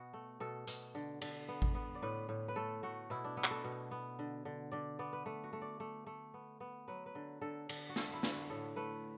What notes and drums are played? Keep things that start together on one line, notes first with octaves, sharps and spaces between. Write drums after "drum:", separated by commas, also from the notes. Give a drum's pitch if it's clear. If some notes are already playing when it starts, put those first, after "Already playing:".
Already playing: B2 B3 F#4
A3
B2 A4
B2, drum: hi-hat
D3
D3, drum: cymbal
B3
drum: kick G#1
B3
D5
A2 B4
A2
B4
A3 A4
A3 F#4
B2 E4
D4
B3 E4
F#4, drum: clap
A4
B2
B3
D3
D3
D3 D5
B3 D5
B4
A3 B4
F#4
A3
D5
A3
A3
B3
B3
F#3 B4
B4
D3
D3 A4
D3, drum: cymbal
F#4
D3 A4, drum: snare
E4
D3, drum: snare
F#4
A2 A4
A3 B4